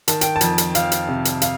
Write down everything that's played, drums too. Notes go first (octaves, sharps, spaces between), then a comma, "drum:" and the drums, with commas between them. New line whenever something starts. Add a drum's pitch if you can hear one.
D#3 A5, drum: hi-hat
G5, drum: hi-hat
A5
F2, drum: hi-hat
drum: hi-hat
F2 F5, drum: hi-hat
drum: hi-hat
C3
drum: hi-hat
F5, drum: hi-hat